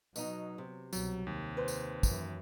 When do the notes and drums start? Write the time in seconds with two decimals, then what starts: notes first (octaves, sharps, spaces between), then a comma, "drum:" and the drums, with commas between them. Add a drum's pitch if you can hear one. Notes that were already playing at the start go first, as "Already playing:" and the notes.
0.16 B2 F#3 D#4, drum: tambourine
0.58 C3
0.93 C2 B2 F#3, drum: tambourine
1.27 D#2 C3
1.57 B4 C5
1.68 drum: tambourine
2.03 F#2 E3, drum: kick, tambourine